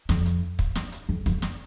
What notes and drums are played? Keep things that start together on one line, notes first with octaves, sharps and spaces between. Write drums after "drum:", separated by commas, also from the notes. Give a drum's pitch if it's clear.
F2, drum: snare
drum: hi-hat
drum: kick, hi-hat
drum: snare
drum: hi-hat
F2
F2, drum: kick, hi-hat
drum: snare